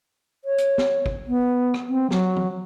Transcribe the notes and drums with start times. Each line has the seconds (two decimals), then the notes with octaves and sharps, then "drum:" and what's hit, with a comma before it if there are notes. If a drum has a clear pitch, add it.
0.45 C#5
0.58 drum: hi-hat
0.78 drum: snare
1.06 drum: kick
1.28 B3
1.74 drum: rim click
1.89 C4
2.10 F#3, drum: snare
2.36 drum: tom E3